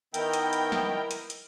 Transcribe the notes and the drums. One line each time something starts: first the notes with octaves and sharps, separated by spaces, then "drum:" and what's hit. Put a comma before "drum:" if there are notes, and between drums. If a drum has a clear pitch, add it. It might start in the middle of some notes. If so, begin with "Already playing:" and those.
D#3 B3 E4 A#4 G5, drum: hi-hat
drum: hi-hat
drum: hi-hat
drum: snare
drum: hi-hat
drum: hi-hat